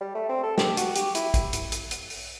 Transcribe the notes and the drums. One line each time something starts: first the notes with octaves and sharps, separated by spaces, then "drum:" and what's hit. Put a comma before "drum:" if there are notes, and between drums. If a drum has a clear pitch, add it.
G3
A3
C4
A4
G4, drum: snare
F#4, drum: hi-hat
G4, drum: hi-hat
E4, drum: hi-hat
drum: kick, hi-hat
drum: hi-hat
drum: hi-hat
drum: hi-hat
drum: open hi-hat